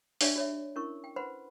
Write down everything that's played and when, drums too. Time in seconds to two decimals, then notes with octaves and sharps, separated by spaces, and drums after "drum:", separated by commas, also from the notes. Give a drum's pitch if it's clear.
0.21 D4 D#4 G4 C#5 D5 E5, drum: open hi-hat
0.36 F#4 C#5 E5
0.76 C#4 E4 A#4 C#6
1.04 G5
1.16 B4 C5 F#5 B5 C6